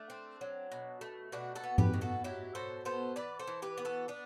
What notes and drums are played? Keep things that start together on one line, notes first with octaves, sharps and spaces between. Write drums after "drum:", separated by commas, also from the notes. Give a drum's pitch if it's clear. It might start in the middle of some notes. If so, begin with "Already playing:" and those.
Already playing: A3 D4
C4
F#3
B2
A3
B2 D4 F#4
F#4 A4
B3
G4 B4, drum: tom G#2
B2
F#4 A4
F#3 E4 G4
B2 A4 C5
B3 A4 C5
E3 B4 D5
A4 C5
E3
G4 B4
B3
F#4 A4
B3 D4